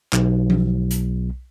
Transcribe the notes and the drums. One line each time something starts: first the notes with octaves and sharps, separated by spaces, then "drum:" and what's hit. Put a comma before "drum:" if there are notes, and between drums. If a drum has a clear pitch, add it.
B1, drum: clap
drum: tom F3
drum: hi-hat